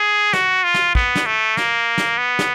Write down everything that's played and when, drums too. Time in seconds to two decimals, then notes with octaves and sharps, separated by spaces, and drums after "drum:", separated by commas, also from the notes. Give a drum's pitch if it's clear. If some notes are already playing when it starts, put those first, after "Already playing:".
Already playing: G#4
0.33 F#4, drum: snare
0.64 F4
0.74 drum: snare
0.95 B3, drum: kick
1.15 drum: snare
1.26 A3
1.57 A#3, drum: snare
1.98 drum: snare
2.18 B3
2.39 drum: snare